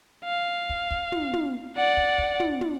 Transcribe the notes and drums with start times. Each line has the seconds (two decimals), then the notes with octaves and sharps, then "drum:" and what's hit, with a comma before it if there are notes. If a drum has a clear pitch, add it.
0.24 F5
0.70 drum: kick
0.91 drum: kick
1.12 drum: tom
1.33 drum: tom
1.76 D5 F#5
1.97 drum: kick
2.18 drum: kick
2.40 drum: tom
2.61 drum: tom